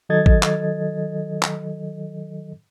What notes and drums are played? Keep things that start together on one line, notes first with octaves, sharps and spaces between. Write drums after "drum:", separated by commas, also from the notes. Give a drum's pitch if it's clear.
D#3 F#3 A4 D#5 G#6 A6
drum: kick
drum: clap
drum: clap